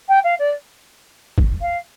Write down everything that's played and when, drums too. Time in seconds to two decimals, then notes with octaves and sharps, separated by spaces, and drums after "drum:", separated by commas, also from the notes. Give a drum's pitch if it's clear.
0.08 G5
0.23 F5
0.39 D5
1.38 drum: kick
1.61 F5